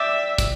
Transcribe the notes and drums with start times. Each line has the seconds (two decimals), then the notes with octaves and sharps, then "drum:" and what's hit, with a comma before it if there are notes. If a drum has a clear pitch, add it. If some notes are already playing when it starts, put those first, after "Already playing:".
Already playing: D5 E5 G5 D6
0.38 drum: kick, hi-hat